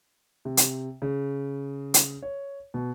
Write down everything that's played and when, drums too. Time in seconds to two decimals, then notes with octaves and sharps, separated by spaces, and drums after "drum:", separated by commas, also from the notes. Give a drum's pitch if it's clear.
0.45 C3
0.57 drum: hi-hat
1.02 C#3
1.94 drum: hi-hat
2.22 C#5
2.74 B2